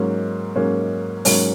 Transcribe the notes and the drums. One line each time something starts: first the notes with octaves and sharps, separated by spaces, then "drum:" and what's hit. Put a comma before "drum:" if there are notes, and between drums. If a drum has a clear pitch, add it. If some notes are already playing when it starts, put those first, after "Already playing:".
Already playing: G#2 F#3 A#3 C#4
G#2 F#3 A#3 C#4
G#2 F#3 A#3 C#4, drum: open hi-hat